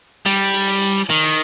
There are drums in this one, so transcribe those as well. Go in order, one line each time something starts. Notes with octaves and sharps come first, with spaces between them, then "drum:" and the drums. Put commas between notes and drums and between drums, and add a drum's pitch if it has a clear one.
G3, drum: cymbal
drum: cymbal
drum: cymbal
drum: cymbal
D#3, drum: cymbal
drum: cymbal